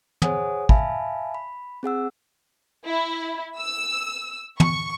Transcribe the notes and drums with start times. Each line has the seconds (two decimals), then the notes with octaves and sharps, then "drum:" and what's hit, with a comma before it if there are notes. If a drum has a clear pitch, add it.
0.22 G#4 C5 C#5 F#5 G#5 D#6, drum: tom
0.69 E5 F5 G#5 A5 B5, drum: kick
1.34 B5
1.83 C4 G#4 F#5 E6
2.87 E4
3.59 E6
4.60 C#6, drum: tom